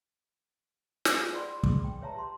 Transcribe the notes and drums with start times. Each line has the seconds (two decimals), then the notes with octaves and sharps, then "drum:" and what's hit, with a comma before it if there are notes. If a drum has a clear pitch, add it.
1.05 drum: snare
1.15 F4 G#4 A4 B4 C5 G#5
1.32 C5 D5 F#5 G5 B5 C6
1.63 G#4, drum: kick
1.84 G5
2.01 B4 C#5 E5 A5 A#5
2.15 G4 C6